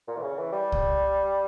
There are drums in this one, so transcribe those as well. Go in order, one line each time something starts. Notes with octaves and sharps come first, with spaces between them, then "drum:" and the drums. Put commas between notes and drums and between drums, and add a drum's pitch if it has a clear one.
A#2
E3
C#3
E3
G3
drum: kick C2